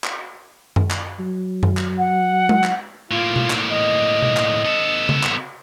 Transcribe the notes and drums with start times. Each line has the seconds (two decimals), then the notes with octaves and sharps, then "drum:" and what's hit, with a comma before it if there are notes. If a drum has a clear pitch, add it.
0.04 drum: clap
0.76 drum: tom F#2
0.91 drum: clap
1.19 F#3
1.63 drum: tom F#2
1.77 drum: clap
1.98 F#5
2.49 drum: tom G#3
2.64 drum: clap
3.11 A2 A#3 F4
3.36 drum: tom B2
3.50 drum: clap
3.72 D#5
4.22 drum: tom B2
4.37 drum: clap
4.65 B3 A4
5.09 drum: tom C#3
5.23 drum: clap